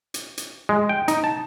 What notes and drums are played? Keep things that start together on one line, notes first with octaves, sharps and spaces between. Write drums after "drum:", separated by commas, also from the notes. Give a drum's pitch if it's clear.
drum: hi-hat
drum: hi-hat
G#3
G5
D#4, drum: hi-hat
A5